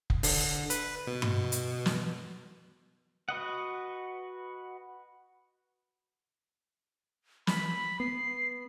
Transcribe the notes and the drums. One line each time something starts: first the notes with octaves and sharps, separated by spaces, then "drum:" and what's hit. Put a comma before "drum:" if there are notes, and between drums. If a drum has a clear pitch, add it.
drum: kick F1
D3, drum: open hi-hat
B4, drum: hi-hat
B2
drum: tom G2
drum: hi-hat
drum: snare
F#4 B4 D#5 F#5
B5, drum: snare
B3 C7